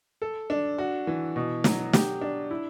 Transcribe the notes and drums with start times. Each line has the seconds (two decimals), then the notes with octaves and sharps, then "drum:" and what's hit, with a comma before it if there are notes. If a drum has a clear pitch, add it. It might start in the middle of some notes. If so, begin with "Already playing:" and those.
0.22 A4
0.50 D4
0.78 F#4
1.07 E3
1.36 B2
1.64 F#3, drum: snare
1.93 G4, drum: snare
2.21 D4
2.51 E4